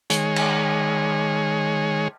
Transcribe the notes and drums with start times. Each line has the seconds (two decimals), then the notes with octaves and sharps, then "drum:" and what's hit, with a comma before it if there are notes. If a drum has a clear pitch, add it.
0.10 D#3 G#3 G#4 C#5, drum: hi-hat
0.36 drum: cymbal